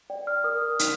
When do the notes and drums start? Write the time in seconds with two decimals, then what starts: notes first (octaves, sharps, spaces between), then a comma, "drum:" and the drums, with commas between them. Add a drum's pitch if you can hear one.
0.10 D5 G5
0.27 F6
0.44 A#4 D#6
0.61 F6
0.79 D#4, drum: hi-hat